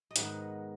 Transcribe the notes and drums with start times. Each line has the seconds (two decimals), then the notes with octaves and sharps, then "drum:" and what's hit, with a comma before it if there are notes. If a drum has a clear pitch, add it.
0.11 D#5
0.16 G#2 D#3 B3 F#5, drum: hi-hat